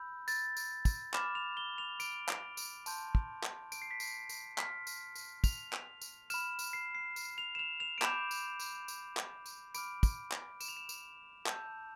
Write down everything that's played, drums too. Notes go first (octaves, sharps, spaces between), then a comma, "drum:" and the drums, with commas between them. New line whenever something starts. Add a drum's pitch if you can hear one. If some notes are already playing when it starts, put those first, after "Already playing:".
Already playing: B5 E6 G6
A6, drum: tambourine
drum: tambourine
drum: kick, tambourine
B5 D6 F6 E7, drum: clap
F7
G7
F7
D7, drum: tambourine
drum: clap
drum: tambourine
A5 C6 G6, drum: tambourine
drum: kick
drum: clap
D7, drum: tambourine
C7
B6
C7, drum: tambourine
drum: tambourine
C6 F6 B6, drum: clap
drum: tambourine
drum: tambourine
F7, drum: kick, tambourine
drum: clap
drum: tambourine
B5 F6 E7, drum: tambourine
drum: tambourine
C7
C7
drum: tambourine
F7
E7
F7
F7
D7
B5 D6 G6 E7, drum: clap
drum: tambourine
drum: tambourine
drum: tambourine
drum: clap
drum: tambourine
B5 D6 F6 D7, drum: tambourine
drum: kick, tambourine
drum: clap
E7, drum: tambourine
F7
E7
drum: tambourine
A5 E6 G6, drum: clap